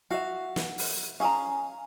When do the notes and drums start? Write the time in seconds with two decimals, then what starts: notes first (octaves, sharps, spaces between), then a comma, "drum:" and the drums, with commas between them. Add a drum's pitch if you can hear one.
0.11 F#4 E5 F5
0.56 drum: snare
0.78 drum: open hi-hat
1.20 C#4 G#4 F5 A#5